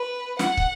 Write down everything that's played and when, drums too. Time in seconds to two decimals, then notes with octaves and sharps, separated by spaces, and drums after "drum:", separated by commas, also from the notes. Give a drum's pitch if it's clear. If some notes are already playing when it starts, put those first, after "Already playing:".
Already playing: B4
0.39 F#5, drum: snare
0.57 drum: kick